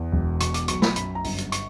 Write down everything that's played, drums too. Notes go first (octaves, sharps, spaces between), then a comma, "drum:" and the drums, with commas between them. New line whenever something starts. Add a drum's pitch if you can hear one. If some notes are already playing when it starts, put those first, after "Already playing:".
Already playing: E2
E1
B2 C#6, drum: hi-hat
D6, drum: hi-hat
B1 C#6, drum: hi-hat
B5, drum: snare
F#2 B5, drum: hi-hat
A#5
G1, drum: open hi-hat
drum: hi-hat
C#6, drum: hi-hat